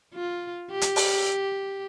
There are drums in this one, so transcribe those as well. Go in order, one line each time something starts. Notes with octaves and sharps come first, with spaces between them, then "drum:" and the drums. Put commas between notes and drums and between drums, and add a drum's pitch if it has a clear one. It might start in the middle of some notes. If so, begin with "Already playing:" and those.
F4
G4
drum: hi-hat
drum: open hi-hat